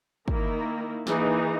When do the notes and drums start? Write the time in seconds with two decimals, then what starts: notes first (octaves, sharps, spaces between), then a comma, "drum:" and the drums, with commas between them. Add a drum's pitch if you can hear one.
0.28 D#3 A#3 E4 A#4, drum: kick
1.07 E3 A#3 D#4 G#4, drum: snare